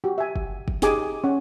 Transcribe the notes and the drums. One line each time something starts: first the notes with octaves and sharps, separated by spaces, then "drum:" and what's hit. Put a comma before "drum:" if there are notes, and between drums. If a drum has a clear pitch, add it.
F#4 G4
E5 G#5
drum: kick
drum: kick
D#4 G4 G#4 G#5 D6, drum: snare
C#4 F#5